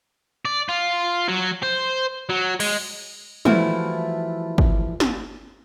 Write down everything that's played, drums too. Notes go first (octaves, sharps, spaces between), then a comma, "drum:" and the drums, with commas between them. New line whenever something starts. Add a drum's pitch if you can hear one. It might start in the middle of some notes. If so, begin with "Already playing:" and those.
D5
F4
F#3
C5
F#3
G#3, drum: cymbal
E3 F3 G3 A3 E4 F#4, drum: tom
drum: kick
drum: snare